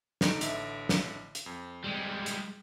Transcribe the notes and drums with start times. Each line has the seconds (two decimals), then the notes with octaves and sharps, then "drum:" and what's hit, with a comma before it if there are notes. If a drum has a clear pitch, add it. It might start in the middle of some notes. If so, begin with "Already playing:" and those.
0.21 D3 D#4 D7, drum: snare
0.41 A1 D3 E5, drum: hi-hat
0.89 drum: snare
1.35 drum: hi-hat
1.46 F2
1.84 G3 G#3
2.26 drum: hi-hat